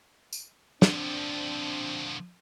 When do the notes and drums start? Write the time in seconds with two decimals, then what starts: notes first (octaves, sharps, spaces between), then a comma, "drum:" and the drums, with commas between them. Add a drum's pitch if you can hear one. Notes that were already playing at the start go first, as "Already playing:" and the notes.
0.33 drum: tambourine
0.82 D3 F3 C4 D4, drum: snare